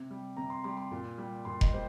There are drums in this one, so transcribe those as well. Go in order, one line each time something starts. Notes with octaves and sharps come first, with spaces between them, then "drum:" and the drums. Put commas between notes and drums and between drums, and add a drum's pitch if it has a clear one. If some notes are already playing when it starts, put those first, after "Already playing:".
Already playing: C3
G3
C3 A#5
C6
G3 C6
C6
A#2
G3
A#2 C6
D#5, drum: kick F1
G3 C5